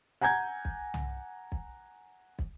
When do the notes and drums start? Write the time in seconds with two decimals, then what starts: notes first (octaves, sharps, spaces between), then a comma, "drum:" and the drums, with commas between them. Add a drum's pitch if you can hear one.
0.21 F#5 G#5 A#5 G6 G#6
0.65 drum: kick
0.94 drum: tom
1.52 drum: kick
2.39 drum: kick